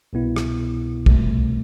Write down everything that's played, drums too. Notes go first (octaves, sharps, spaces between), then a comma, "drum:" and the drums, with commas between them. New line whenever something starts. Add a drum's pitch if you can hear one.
C2 B2 B3 E4
drum: rim click
C2 B2 A3, drum: kick